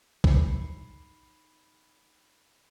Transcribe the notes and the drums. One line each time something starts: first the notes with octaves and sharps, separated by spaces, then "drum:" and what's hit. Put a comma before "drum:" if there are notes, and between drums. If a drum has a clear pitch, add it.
D#4 B5 C7 C#7, drum: kick